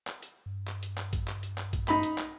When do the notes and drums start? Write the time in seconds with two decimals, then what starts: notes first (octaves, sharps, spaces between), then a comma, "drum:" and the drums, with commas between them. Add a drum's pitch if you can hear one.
0.07 drum: clap
0.22 drum: hi-hat
0.46 G2
0.68 drum: clap
0.83 drum: hi-hat
0.98 drum: clap
1.13 drum: kick A#1, hi-hat
1.28 drum: clap
1.43 drum: hi-hat
1.58 drum: clap
1.73 drum: kick A#1, hi-hat
1.88 D#4 B5, drum: clap
2.03 drum: hi-hat
2.18 drum: clap